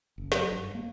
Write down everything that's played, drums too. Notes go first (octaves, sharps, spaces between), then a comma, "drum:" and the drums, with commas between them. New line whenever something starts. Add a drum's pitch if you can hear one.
F#1
F#3, drum: snare
G2
A#3